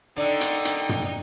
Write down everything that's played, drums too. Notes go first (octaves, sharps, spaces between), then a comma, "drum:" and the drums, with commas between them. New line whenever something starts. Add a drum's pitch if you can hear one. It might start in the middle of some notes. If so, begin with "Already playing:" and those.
D3 D#4 D5 G5
drum: hi-hat
drum: hi-hat
drum: tom